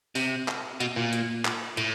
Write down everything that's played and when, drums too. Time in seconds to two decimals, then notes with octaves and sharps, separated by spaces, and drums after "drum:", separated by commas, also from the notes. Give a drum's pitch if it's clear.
0.15 C3, drum: open hi-hat
0.48 drum: clap
0.80 B2, drum: hi-hat
0.96 A#2
1.13 drum: hi-hat
1.45 drum: clap
1.77 A2, drum: hi-hat